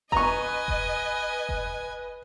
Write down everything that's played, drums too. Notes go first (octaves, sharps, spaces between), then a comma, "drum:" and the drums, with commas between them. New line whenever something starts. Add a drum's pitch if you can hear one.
B4 D#5 G#5 A#5 C#6, drum: kick F1
drum: kick F1
drum: kick F1